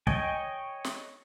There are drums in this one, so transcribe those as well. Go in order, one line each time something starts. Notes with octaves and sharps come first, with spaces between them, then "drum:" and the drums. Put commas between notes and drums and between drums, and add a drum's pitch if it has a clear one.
C#5 D#5 G5 G#5, drum: kick
drum: snare